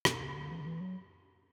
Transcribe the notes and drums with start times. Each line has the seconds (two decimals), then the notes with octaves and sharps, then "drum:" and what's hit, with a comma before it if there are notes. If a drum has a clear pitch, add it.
0.05 B2, drum: rim click
0.21 C#3
0.35 D3
0.51 E3
0.61 D3
0.66 E3
0.80 F#3